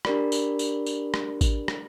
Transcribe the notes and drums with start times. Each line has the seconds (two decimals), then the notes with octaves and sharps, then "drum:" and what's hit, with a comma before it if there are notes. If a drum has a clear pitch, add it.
0.05 D4 G4 A#4 D5 B5, drum: rim click
0.32 drum: tambourine
0.59 drum: tambourine
0.86 drum: tambourine
1.14 drum: rim click
1.41 drum: kick A1, tambourine
1.68 drum: rim click